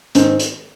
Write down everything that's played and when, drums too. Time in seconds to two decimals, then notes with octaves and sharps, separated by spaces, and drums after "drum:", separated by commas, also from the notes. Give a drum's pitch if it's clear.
0.15 G#2 D#3 C4, drum: hi-hat
0.40 drum: hi-hat